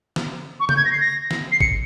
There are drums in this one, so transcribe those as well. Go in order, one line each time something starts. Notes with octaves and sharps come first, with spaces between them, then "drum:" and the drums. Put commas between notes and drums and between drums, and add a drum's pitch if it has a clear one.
drum: snare
C#6
G6, drum: tom C#3
G#6
A#6
C7
A#6
drum: snare
C7
C#7, drum: kick G1